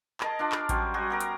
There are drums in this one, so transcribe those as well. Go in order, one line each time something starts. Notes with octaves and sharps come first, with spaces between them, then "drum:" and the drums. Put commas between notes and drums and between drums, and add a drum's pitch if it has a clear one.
G#4 A#4 D#5 A5, drum: clap
D4 F4 D5
drum: clap
F#3 G3 C#4 C5, drum: kick A1, hi-hat
G3 F#4 G#4
B3 A#4 A#5
drum: hi-hat